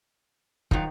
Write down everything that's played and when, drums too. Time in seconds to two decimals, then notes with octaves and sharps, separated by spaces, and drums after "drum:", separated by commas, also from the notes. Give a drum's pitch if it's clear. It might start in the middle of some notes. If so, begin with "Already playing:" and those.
0.71 D#3 F3 F#3 D#4, drum: kick